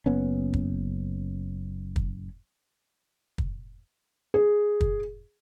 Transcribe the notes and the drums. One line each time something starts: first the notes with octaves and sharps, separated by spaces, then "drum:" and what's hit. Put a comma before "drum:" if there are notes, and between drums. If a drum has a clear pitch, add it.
F#1 B3 C#4
drum: kick
drum: kick
drum: kick
G#4
drum: kick